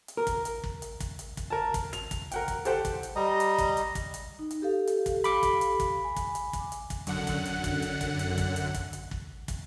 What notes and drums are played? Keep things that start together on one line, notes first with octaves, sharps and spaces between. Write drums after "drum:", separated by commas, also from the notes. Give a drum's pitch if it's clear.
drum: hi-hat
A#4
drum: kick, hi-hat
drum: hi-hat
drum: kick
drum: hi-hat
drum: kick, hi-hat
drum: hi-hat
drum: kick, hi-hat
A#4 A5
drum: kick, hi-hat
F7, drum: hi-hat
drum: kick, hi-hat
A#4 F#5 G5, drum: hi-hat
drum: kick, hi-hat
G4 A4 C5 F#5 G5, drum: hi-hat
drum: kick, hi-hat
drum: hi-hat
G3 D#5 A#5
drum: hi-hat
drum: kick, hi-hat
drum: hi-hat
drum: kick, hi-hat
drum: hi-hat
D#4
drum: hi-hat
G4 A4 F5
drum: hi-hat
drum: kick, hi-hat
B5 D6, drum: hi-hat
drum: kick, hi-hat
drum: hi-hat
drum: kick, hi-hat
G#5
drum: kick, hi-hat
drum: hi-hat
drum: kick, hi-hat
drum: hi-hat
drum: kick, hi-hat
F#2 D3 F#5, drum: hi-hat
drum: kick, hi-hat
drum: hi-hat
drum: kick, hi-hat
drum: hi-hat
drum: kick, hi-hat
drum: hi-hat
drum: kick, hi-hat
drum: hi-hat
drum: kick, hi-hat
drum: hi-hat
drum: kick
drum: kick, hi-hat